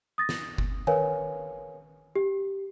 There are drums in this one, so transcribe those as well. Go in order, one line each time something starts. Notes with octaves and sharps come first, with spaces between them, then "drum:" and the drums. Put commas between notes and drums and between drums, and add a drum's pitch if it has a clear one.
D#6 A6 A#6
drum: snare
drum: kick F#1
A#4 B4 C#5 F5 G#5, drum: tom D#3
G4